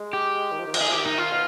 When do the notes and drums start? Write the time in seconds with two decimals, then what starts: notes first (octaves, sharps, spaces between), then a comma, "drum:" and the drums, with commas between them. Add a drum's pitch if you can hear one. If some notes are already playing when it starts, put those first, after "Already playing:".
Already playing: G#3
0.13 G4
0.52 D#3
0.60 F3
0.67 D#3
0.74 F3, drum: cymbal
0.81 D#3 G#4
0.89 F3
0.92 D#3 G4
1.06 D#4
1.18 F4
1.32 B2